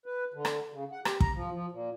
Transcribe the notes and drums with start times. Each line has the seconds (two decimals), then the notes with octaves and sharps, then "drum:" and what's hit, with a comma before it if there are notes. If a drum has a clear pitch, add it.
0.06 B4
0.34 D3
0.45 drum: rim click
0.72 C#3
0.92 F#5
1.05 G4, drum: rim click
1.20 A#5, drum: kick
1.34 F3
1.52 F3
1.71 A#2